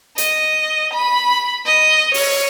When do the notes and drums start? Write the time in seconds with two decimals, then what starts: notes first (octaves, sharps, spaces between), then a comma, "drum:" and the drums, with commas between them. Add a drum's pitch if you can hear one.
0.18 D#5, drum: hi-hat
0.94 B5
1.66 D#5
2.14 C#5, drum: open hi-hat